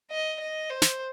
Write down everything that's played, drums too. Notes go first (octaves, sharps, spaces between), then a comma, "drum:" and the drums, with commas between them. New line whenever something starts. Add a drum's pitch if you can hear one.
D#5
D#5
C5
drum: snare